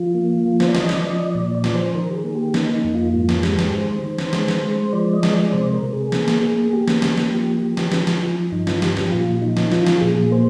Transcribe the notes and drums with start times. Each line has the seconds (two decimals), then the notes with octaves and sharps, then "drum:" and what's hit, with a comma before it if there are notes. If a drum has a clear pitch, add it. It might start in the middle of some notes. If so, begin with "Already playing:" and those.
Already playing: F3 F4
0.14 A#3
0.45 F3
0.60 C5, drum: snare
0.68 D5
0.75 F3 D#5, drum: snare
0.89 D5, drum: snare
1.04 F3 D#5
1.20 D5
1.34 A#2 D5
1.55 D5
1.64 F3, drum: snare
1.75 C5
1.94 D#3 A#4
2.10 G4
2.14 G#4
2.24 A#3
2.35 G4
2.54 A#3 D#4, drum: snare
2.74 D#4
2.84 F2
2.95 F4
3.14 G#2 F4
3.29 drum: snare
3.43 G#3 G4, drum: snare
3.59 drum: snare
3.73 D#3 C5
4.03 D#3
4.18 drum: snare
4.33 G#3, drum: snare
4.48 drum: snare
4.63 G#3
4.93 F3 D5
5.13 D#5
5.23 G#3, drum: snare
5.33 D5
5.53 C3 C5
5.72 A#4
5.83 C3
5.93 G#4
6.12 A#3, drum: snare
6.28 drum: snare
6.43 A#3
6.73 A#3 G4
6.88 drum: snare
7.02 A#3, drum: snare
7.17 drum: snare
7.32 F3
7.63 F3
7.77 drum: snare
7.92 F3, drum: snare
8.07 drum: snare
8.23 F3
8.52 G2 D#4
8.67 F4, drum: snare
8.82 F3 G4, drum: snare
8.97 G4, drum: snare
9.12 A#2 F4
9.42 F3 D#4
9.57 drum: snare
9.72 F3 F4, drum: snare
9.87 drum: snare
10.01 A#2 G#4
10.31 A#3 C5